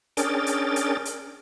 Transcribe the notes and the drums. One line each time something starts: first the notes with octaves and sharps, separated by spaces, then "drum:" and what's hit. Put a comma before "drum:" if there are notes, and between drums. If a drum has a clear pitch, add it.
C#4 D4 G#4 A#4 G5 A6, drum: hi-hat
drum: hi-hat
drum: hi-hat
drum: hi-hat